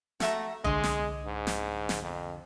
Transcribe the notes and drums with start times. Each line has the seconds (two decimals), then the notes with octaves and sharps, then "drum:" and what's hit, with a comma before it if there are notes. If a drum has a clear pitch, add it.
0.20 A3 F#4 E5 A#5, drum: snare
0.64 C2 D3 G#3 D#5 C6, drum: kick A1
0.83 drum: snare
1.25 G#2
1.47 drum: snare
1.89 drum: snare
2.02 F2